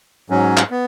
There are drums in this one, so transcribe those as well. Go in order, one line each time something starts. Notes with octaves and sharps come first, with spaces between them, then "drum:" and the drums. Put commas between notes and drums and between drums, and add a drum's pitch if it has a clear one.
G#2 F#3 C#4
drum: clap
B3